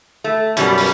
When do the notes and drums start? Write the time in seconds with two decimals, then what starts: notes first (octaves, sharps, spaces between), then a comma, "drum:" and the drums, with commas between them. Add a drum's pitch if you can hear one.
0.24 A3
0.57 F#2 B2 G3 C#4, drum: hi-hat
0.77 drum: open hi-hat